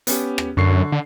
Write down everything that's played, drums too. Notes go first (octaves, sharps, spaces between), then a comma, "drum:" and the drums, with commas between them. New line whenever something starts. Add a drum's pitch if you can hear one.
B3 C#4 G4, drum: hi-hat
drum: rim click
F#2 D3 C#6 C7
D3